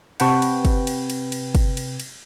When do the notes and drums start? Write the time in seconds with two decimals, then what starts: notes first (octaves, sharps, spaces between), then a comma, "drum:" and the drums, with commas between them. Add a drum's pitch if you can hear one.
0.20 C3 B4 F#5 G5 A5 C#6, drum: cymbal
0.42 drum: cymbal
0.65 drum: kick, cymbal
0.87 drum: cymbal
1.10 drum: cymbal
1.32 drum: cymbal
1.55 drum: kick, cymbal
1.77 drum: cymbal
2.00 drum: cymbal